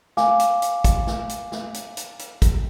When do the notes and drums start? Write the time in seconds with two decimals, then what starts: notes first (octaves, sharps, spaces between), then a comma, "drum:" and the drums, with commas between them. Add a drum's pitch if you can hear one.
0.17 F5 G#5 D6, drum: snare
0.40 drum: hi-hat
0.62 drum: hi-hat
0.84 drum: kick, hi-hat
1.07 drum: snare
1.29 drum: hi-hat
1.52 drum: snare
1.74 drum: hi-hat
1.97 drum: hi-hat
2.19 drum: hi-hat
2.42 drum: kick, hi-hat